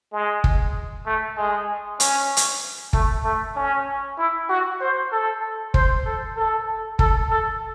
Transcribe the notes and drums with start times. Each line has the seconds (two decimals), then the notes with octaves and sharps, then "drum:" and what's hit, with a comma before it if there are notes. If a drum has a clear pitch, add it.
0.12 G#3
0.44 drum: kick
1.06 A3
1.37 G#3
2.00 C#4, drum: hi-hat
2.37 drum: hi-hat
2.93 A3, drum: kick
3.24 A3
3.56 C#4
4.18 E4
4.49 F#4
4.81 C5
5.12 A4
5.74 C5, drum: kick
6.05 A4
6.37 A4
6.99 A4, drum: kick
7.30 A4